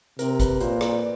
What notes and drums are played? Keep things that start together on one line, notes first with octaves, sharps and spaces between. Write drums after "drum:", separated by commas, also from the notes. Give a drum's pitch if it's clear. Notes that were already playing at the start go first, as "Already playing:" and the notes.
C3 A#4, drum: hi-hat
B4, drum: kick, hi-hat
A#2 C5, drum: hi-hat
D5, drum: rim click